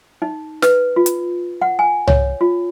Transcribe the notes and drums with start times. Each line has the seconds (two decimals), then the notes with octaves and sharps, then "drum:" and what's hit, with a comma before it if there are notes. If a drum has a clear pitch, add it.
0.22 D#4
0.62 B4, drum: snare
0.96 F4
1.06 drum: hi-hat
1.62 F#5
1.79 G#5
2.08 C#5, drum: tom C2
2.41 F4